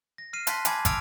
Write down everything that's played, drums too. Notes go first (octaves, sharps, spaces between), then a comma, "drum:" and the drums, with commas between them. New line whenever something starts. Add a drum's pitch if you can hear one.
A#6
F6 C7 D#7
A5 C6 F#6 A6 B6, drum: hi-hat
G#5 A5 B5 D6 G#6 A6, drum: hi-hat
D6 E6 F6 A6 D7 F7, drum: kick, hi-hat